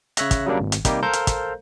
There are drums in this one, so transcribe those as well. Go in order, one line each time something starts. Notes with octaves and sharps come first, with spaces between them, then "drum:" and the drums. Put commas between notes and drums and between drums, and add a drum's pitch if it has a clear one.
C#3 C#5 E5 F#6 A#6, drum: hi-hat
drum: kick, hi-hat
C#3 F#3 G3 A#3 D4
G#1
drum: hi-hat
C3 G3 A#3 D#4 G4, drum: kick, hi-hat
A4 A#4 C5 F5 A#5 G6
drum: hi-hat
drum: kick, hi-hat